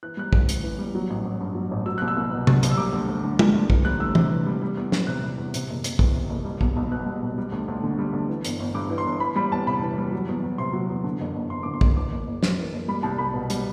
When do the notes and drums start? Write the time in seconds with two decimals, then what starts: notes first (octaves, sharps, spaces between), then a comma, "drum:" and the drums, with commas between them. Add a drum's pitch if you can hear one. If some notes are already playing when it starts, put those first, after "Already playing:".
0.03 E3 F#6
0.17 G3 F#6
0.33 A1, drum: kick
0.49 A2, drum: hi-hat
0.63 E3
0.78 G3
0.95 F#3
1.10 A1
1.25 A1
1.41 G2
1.55 F#3
1.71 A1
1.86 F#3 E6
1.98 C2 F#6
2.08 E6
2.17 C2
2.32 B2
2.47 F#3, drum: tom C3
2.63 C2, drum: hi-hat
2.71 E6
2.77 G3 D6
2.93 D2
3.08 D2
3.24 D3
3.39 G3, drum: tom
3.54 D2
3.70 E3, drum: kick
3.85 G3 F#6
4.00 D2 E6
4.15 C3, drum: tom
4.31 E3
4.46 G3
4.62 G3
4.77 E2
4.92 E2, drum: snare
5.07 C3 F#6
5.23 G3
5.38 E2
5.54 C3, drum: hi-hat
5.69 F#1
5.84 F#1, drum: hi-hat
5.99 E2, drum: kick
6.14 C3
6.29 F#1
6.45 G3
6.61 B1, drum: kick
6.77 B1
6.91 B2 F#6
7.06 G3
7.22 B1
7.38 G3
7.52 D2
7.68 D2
7.83 D3
7.99 G3
8.13 D2
8.29 E3
8.45 G1, drum: hi-hat
8.60 G1
8.74 G2 D6
8.90 E3
8.98 C6
9.06 G1
9.20 E3 B5
9.36 G3 B5
9.51 E2 A5
9.66 C3 B5
9.83 E3
9.98 G3
10.12 F#3
10.29 E2
10.44 E2
10.58 C3 C6
10.73 F#3
10.89 E2
11.04 D3
11.20 F#1
11.35 F#1
11.50 E2 C6
11.63 D3 D6
11.74 C6
11.81 F#1, drum: kick
11.96 E3 D6
12.12 F#1
12.27 F#1
12.43 F#2, drum: snare
12.58 E3
12.73 F#1
12.88 G3 B5
13.03 C2 A5
13.18 C2 B5
13.34 B2
13.50 G3, drum: hi-hat